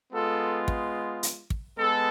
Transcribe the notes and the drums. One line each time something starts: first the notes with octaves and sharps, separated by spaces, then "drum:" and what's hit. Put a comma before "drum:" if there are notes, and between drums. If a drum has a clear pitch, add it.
G#3 B3 F4 A4
drum: kick
drum: hi-hat
drum: kick
G#3 B3 A4